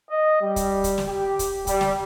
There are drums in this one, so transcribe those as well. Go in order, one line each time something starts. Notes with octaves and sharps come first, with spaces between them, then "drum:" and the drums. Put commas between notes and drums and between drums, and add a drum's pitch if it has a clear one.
D#5
G3
drum: kick, hi-hat
drum: kick, hi-hat
drum: snare
G4
drum: kick, hi-hat
G3, drum: kick, hi-hat
drum: snare